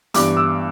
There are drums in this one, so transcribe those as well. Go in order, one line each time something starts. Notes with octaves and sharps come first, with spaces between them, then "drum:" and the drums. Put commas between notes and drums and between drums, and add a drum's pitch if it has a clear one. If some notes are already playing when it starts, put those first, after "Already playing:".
G2 E3 B3 D4 D6, drum: hi-hat
E6